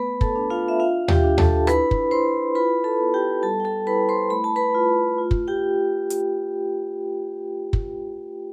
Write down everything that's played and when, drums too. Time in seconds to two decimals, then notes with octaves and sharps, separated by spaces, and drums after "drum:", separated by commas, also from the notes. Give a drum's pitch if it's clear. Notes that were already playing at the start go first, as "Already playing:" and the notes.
Already playing: A3 B3 B4 B5
0.21 A4 A5, drum: kick
0.35 D4
0.50 F4 F5
0.68 E5
0.80 D4 F4 F5
1.08 G4 G5, drum: tom D#2
1.24 D4
1.38 A4 A5, drum: tom D#2
1.67 E4 B4 B5, drum: rim click
1.91 drum: kick
2.11 E4 C5 C6
2.55 F4 B4 B5
2.84 A4 A5
3.00 B3
3.14 G4 G5
3.43 G3 A4 A5
3.60 G5
3.65 A4 A5
3.87 E4 B4 B5
4.09 C5 C6
4.30 A3 B5
4.44 A5
4.56 B4 B5
4.74 F4
5.18 F4
5.31 drum: kick
5.48 G4 G5
6.10 drum: hi-hat
7.73 drum: kick